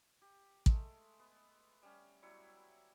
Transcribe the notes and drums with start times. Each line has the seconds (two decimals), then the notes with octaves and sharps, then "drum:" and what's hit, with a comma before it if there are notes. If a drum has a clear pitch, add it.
0.22 G4
0.66 G#3 A3, drum: kick
1.19 B3
1.82 G3 C#4
2.22 F#3 G3 E4 C#6